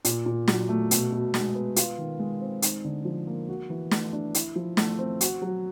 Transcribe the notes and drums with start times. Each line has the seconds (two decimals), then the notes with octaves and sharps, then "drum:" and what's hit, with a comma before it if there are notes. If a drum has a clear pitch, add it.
0.05 A#2, drum: hi-hat
0.26 A#2
0.48 F#3, drum: snare
0.69 A3
0.91 B2, drum: hi-hat
1.12 B2
1.34 G#3, drum: snare
1.55 B3
1.76 F4, drum: hi-hat
1.98 D#3
2.19 G#3
2.41 C4
2.62 D#4, drum: hi-hat
2.85 D3
3.05 F3
3.27 A#3
3.48 F#4
3.70 E3
3.91 A3, drum: snare
4.13 D4
4.35 E4, drum: hi-hat
4.56 F3
4.77 A3, drum: snare
4.99 C4
5.21 F#4, drum: hi-hat
5.42 F#3